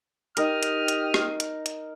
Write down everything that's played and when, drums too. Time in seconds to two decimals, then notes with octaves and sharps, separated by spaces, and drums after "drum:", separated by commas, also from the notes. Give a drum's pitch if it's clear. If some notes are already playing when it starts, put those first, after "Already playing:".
0.37 D#4 G4 A#4 D#6 F6, drum: hi-hat
0.63 drum: hi-hat
0.88 drum: hi-hat
1.14 drum: rim click
1.40 drum: hi-hat
1.66 drum: hi-hat